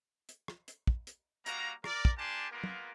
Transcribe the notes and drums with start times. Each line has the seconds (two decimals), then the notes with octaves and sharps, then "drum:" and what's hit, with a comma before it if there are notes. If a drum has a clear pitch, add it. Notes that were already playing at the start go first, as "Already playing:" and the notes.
0.29 drum: hi-hat
0.48 drum: rim click
0.68 drum: hi-hat
0.87 drum: kick
1.07 drum: hi-hat
1.46 G3 A#3 F#4 F5 A#5, drum: hi-hat
1.84 A#4 D5, drum: rim click
2.05 drum: kick
2.17 A#3 D4 G4 G#5 A5 C6
2.51 G#3 A#3 B3 F4 A#4
2.64 drum: tom